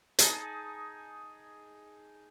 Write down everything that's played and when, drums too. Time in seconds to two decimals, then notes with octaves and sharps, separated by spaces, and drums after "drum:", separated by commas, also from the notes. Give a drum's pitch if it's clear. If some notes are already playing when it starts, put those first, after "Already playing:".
0.19 D#4 G#4 G#5 A5, drum: hi-hat